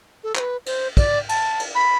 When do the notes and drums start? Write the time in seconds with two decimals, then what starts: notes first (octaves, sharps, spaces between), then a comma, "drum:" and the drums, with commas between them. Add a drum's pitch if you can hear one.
0.24 A4
0.35 C5, drum: clap
0.40 B4
0.66 C5, drum: cymbal
0.97 D5, drum: kick, cymbal
1.29 A5, drum: cymbal
1.60 drum: cymbal
1.75 B5